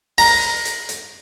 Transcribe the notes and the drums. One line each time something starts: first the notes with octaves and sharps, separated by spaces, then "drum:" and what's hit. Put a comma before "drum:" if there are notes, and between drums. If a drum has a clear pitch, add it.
A#5, drum: open hi-hat
drum: hi-hat
drum: hi-hat